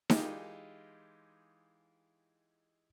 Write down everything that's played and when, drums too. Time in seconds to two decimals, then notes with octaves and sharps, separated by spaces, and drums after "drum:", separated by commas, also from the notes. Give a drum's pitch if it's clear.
0.10 E3 G#3 D#4 F4 G4, drum: snare D#4